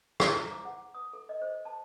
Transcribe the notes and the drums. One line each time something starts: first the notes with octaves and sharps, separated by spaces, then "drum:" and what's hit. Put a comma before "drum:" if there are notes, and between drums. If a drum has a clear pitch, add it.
C5, drum: rim click
A#5
D6
F#5
D#6
A4
D#5
C5
A5